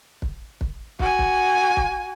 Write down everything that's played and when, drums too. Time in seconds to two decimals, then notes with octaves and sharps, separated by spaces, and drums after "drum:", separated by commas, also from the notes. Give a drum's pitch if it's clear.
0.22 drum: kick
0.61 drum: kick
0.99 F#4 G#5, drum: kick
1.19 drum: kick
1.77 drum: kick